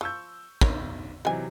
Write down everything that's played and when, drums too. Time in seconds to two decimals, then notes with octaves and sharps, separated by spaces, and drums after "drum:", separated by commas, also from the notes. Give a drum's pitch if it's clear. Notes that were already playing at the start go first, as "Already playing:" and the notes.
0.01 F3 C#6 E6 G6
0.61 B1 A#4 C#5, drum: kick
1.25 C3 D#3 E3 F#3 G#5